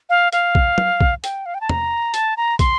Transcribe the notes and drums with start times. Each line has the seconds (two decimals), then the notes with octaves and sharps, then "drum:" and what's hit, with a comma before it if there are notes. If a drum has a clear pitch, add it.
0.10 F5
0.33 F5, drum: hi-hat
0.55 drum: kick
0.78 drum: tom
1.01 drum: kick
1.24 G5, drum: hi-hat
1.46 F5
1.54 G5
1.61 A5
1.69 A#5, drum: tom E2
2.14 A5, drum: hi-hat
2.37 A#5
2.59 C6, drum: kick, hi-hat